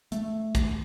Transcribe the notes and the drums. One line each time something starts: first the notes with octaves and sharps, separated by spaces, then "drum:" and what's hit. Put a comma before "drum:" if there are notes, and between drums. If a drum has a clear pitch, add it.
A3, drum: hi-hat
drum: kick, hi-hat